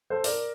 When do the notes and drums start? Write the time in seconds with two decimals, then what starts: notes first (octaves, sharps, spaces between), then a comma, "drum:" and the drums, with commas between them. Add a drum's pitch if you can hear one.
0.10 A4 C5
0.24 A#4 D5, drum: open hi-hat